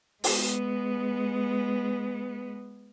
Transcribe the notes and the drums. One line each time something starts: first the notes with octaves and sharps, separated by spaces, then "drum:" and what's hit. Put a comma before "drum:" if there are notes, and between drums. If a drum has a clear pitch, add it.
G#3 B3, drum: open hi-hat